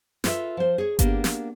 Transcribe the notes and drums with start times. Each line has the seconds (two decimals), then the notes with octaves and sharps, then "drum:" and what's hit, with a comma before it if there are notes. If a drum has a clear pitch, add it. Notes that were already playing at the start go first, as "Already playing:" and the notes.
0.24 F4 A4 B4 D5 E5, drum: snare
0.57 F3 C5
0.78 G#4 C#5
0.99 A#3 B3 D4 G4, drum: kick G1, hi-hat
1.24 drum: snare